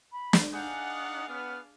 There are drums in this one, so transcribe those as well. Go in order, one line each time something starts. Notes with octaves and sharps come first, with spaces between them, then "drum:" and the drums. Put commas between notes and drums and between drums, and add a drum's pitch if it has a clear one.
B5
drum: snare
D4 D#4 G#4 F5 F#5 G6
D#6
B3 F6